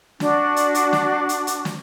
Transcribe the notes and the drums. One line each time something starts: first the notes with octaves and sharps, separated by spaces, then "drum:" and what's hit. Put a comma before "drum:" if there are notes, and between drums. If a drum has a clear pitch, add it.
D4 F#4, drum: snare
drum: hi-hat
drum: hi-hat
drum: snare
drum: hi-hat
drum: hi-hat
drum: snare